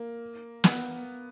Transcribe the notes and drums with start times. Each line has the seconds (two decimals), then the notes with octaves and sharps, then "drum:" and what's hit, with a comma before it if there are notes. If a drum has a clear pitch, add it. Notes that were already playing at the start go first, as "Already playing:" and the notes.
Already playing: A#3
0.64 B3, drum: snare